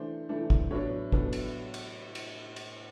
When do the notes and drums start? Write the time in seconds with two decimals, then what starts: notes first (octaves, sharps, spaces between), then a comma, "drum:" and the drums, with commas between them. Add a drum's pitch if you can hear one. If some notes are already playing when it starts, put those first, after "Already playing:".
Already playing: E3 A3 D4 C5
0.29 E3 A3 D4
0.50 drum: kick
0.71 A2 F#3 B3 D4 C#5
1.12 A2 F#3 B3 D4, drum: kick
1.33 drum: cymbal
1.74 drum: cymbal
2.15 drum: cymbal
2.56 drum: cymbal